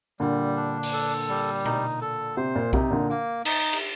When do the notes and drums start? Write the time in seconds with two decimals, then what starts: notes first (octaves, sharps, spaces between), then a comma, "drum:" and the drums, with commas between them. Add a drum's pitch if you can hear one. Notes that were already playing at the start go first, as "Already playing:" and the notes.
0.20 A#2 D3 G3
0.56 D4
0.83 drum: open hi-hat
0.93 A4
1.28 G3
1.65 D#4, drum: tom B2
2.01 A4
2.37 C3 C5
2.55 A#2
2.73 C3 D#4, drum: kick B1
2.91 A#2 D3
3.09 A#3
3.45 D#4, drum: cymbal
3.73 drum: cymbal